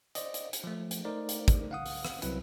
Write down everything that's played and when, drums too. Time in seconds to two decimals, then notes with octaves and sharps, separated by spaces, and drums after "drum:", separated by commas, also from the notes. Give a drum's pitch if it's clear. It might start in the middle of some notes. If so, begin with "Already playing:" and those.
0.15 C5 D5 D#5, drum: hi-hat
0.34 drum: hi-hat
0.53 drum: hi-hat
0.64 F3 A3
0.91 drum: hi-hat
1.05 A3 D#4 A#4 C5 D5
1.29 drum: hi-hat
1.48 drum: kick, hi-hat
1.71 F5 F#5 D#6
1.86 drum: open hi-hat
2.05 drum: rim click
2.22 C2 F#3 C4 E4 B4, drum: hi-hat